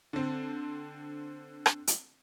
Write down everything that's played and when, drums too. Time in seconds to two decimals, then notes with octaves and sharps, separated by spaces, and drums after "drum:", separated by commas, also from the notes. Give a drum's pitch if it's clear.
0.13 D3 C4
1.66 drum: rim click
1.87 drum: hi-hat